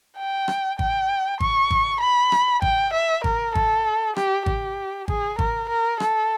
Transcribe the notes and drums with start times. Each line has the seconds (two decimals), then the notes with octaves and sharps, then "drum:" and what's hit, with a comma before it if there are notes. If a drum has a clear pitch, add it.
0.17 G5
0.48 drum: rim click
0.79 G5, drum: kick G#1
1.40 C#6, drum: kick G#1
1.71 drum: kick G#1
2.01 B5
2.32 drum: rim click
2.62 G5, drum: kick G#1
2.93 E5
3.24 A#4, drum: kick G#1
3.55 A4, drum: kick G#1
4.16 G4, drum: rim click
4.46 G4, drum: kick G#1
5.08 G#4, drum: kick G#1
5.39 A#4, drum: kick G#1
5.69 A#4
6.00 A4, drum: rim click